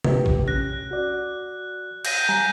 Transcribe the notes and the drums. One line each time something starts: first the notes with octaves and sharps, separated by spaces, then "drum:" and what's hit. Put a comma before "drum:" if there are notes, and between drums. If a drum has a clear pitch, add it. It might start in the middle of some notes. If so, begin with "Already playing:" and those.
F4 G4 B4, drum: tom C3
drum: kick A1
C#4 F#6 A#6
F#4 D5
G6 A#6 D#7, drum: cymbal
G3 G#5 A#5